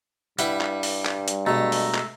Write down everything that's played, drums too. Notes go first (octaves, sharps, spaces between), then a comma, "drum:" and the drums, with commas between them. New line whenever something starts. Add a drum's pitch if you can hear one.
G2 G3 E4 B4 F#5, drum: hi-hat
drum: clap
drum: open hi-hat
drum: clap
drum: hi-hat
B2 G#3 A3 A#5
drum: open hi-hat
drum: clap